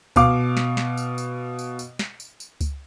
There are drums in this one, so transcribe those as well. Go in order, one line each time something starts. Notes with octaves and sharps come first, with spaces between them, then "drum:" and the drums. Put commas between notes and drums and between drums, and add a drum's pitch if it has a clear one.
B2 F5 D6, drum: kick C#2, tambourine
drum: snare
drum: snare
drum: tambourine
drum: tambourine
drum: tambourine
drum: tambourine
drum: snare
drum: tambourine
drum: tambourine
drum: kick C#2, tambourine